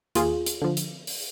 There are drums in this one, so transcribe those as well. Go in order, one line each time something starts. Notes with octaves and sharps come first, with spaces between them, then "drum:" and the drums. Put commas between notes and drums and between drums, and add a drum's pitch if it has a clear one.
D#2 F4 G#4, drum: hi-hat
drum: hi-hat
D3 F3
drum: hi-hat
drum: open hi-hat